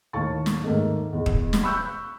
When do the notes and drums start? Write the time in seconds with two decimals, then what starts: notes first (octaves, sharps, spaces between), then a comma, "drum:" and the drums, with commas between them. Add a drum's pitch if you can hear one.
0.13 D#2 A2 F5 A5 C#6 A6
0.46 drum: snare
0.64 G#2 D#3 A3 A#3
1.13 E2 B2
1.26 drum: kick
1.53 drum: snare
1.63 B5 C#6 E6 F#6 G6